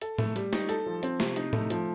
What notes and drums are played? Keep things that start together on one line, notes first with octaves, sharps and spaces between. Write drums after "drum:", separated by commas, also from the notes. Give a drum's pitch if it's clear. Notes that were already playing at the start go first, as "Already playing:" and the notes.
A4, drum: hi-hat
A3, drum: tom A2
G3, drum: hi-hat
D#4, drum: snare
A4, drum: hi-hat
F3
C4, drum: hi-hat
C3, drum: snare
D#4, drum: hi-hat
A3, drum: tom A2
F3, drum: hi-hat